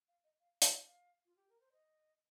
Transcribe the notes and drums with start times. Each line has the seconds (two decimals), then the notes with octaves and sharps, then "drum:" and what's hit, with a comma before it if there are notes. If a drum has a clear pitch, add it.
0.08 F5
0.24 D#5
0.40 F5
0.62 drum: hi-hat
0.84 F5
1.25 F4
1.36 G4
1.49 A#4
1.60 C5
1.72 D#5